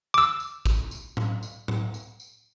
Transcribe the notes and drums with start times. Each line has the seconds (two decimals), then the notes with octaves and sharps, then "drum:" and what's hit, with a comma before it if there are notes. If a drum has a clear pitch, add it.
0.14 D6 E6
0.40 drum: tambourine
0.66 drum: kick, tambourine
0.91 drum: tambourine
1.17 drum: tom A2
1.43 drum: tambourine
1.68 drum: tom A2
1.94 drum: tambourine
2.20 drum: tambourine